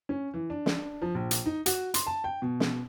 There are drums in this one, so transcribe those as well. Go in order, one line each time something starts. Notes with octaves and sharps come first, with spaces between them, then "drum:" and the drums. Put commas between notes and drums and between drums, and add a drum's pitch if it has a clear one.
C#4
E3
D4
drum: snare
F3
A#1
drum: hi-hat
D#4
F#4, drum: hi-hat
C6, drum: hi-hat
A5
G5
B2
drum: snare